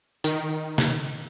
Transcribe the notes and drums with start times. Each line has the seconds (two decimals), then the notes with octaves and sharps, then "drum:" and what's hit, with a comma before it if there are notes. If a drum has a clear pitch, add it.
0.24 D#3, drum: tambourine
0.78 drum: snare